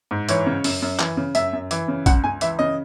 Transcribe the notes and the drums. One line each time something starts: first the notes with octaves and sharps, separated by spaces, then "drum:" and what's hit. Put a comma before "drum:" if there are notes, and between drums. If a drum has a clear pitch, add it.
G#2
E3 C#5, drum: hi-hat
C#3
F#2, drum: open hi-hat
F#2
E3, drum: clap
C#3
F#2 E5, drum: hi-hat
F#2
E3, drum: hi-hat
C#3
C#2 F#5, drum: kick A#1, hi-hat
C#2 G#5
E3 E5, drum: hi-hat
C#3 D#5